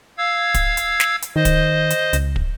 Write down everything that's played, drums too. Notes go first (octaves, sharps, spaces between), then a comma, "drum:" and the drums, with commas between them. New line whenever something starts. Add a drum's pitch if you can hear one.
F5 E6 G#6
drum: kick, hi-hat
drum: hi-hat
drum: snare
drum: hi-hat
D#3 C5 D#5
drum: kick, hi-hat
drum: hi-hat
C#2, drum: hi-hat
drum: kick